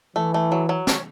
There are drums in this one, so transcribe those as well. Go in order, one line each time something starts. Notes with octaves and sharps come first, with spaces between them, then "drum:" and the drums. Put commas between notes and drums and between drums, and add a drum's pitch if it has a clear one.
E3 A3
A3
F#3
F#3
C#4, drum: snare